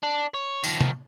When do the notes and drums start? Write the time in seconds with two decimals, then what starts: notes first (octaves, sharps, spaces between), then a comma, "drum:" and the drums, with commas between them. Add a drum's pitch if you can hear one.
0.03 D4
0.34 C#5
0.64 D#3 F3, drum: tambourine
0.81 drum: tom